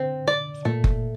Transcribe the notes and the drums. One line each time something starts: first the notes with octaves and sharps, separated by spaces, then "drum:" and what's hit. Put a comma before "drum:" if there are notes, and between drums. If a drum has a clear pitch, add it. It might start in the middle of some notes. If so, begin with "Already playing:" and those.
Already playing: D3 C4
D5
A#2 A3
drum: kick F#1